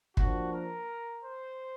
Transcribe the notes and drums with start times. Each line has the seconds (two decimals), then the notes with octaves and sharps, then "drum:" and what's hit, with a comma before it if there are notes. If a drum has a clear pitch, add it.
0.17 F3 A#3 D4 F#4, drum: kick
0.52 A#4
1.22 C5